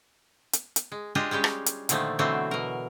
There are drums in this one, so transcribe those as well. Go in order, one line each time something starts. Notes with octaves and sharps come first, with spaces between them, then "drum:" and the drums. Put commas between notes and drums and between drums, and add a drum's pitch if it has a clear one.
drum: hi-hat
drum: hi-hat
G#3
G#3 D4 F4 G4 G#4 D#5
G3 G#3 C#4 G4
drum: rim click
drum: hi-hat
A#2 D3 D#3 F3 A3, drum: hi-hat
B2 D3 E3 F#3 A3 C4
B2 A#4